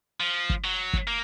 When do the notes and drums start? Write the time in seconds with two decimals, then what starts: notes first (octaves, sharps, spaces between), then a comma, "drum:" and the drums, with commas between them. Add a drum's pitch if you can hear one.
0.20 F3
0.50 drum: kick
0.64 F#3
0.93 drum: kick
1.08 A#3